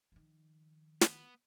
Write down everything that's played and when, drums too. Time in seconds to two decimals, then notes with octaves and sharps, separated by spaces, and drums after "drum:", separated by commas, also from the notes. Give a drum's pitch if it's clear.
0.12 D#3 F3
1.01 B3, drum: snare